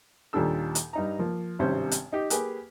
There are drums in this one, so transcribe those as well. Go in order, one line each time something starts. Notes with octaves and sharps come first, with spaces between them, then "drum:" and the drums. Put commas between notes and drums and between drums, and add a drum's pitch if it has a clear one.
D#2 A#2 G3 D4 A4 E6
drum: hi-hat
G2 D#4 A#5
F3 A#3
G#1 G2 C3 C#4 C5
drum: hi-hat
D#4 G4
A#3 G4 G#4 B4, drum: hi-hat